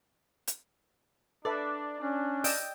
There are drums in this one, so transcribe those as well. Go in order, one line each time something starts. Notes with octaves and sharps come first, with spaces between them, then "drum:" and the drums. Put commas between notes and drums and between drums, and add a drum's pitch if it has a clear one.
drum: hi-hat
D4 A4 B4 D5 E5
C#4 D4
D5 D#5 G5 E6, drum: open hi-hat